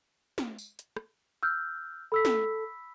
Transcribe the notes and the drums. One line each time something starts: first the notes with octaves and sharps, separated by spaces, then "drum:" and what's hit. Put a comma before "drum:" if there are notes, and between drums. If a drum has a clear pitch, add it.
drum: snare
drum: tambourine
drum: hi-hat
drum: rim click
E6 F6 G6
A4 B5 E6 B6
drum: snare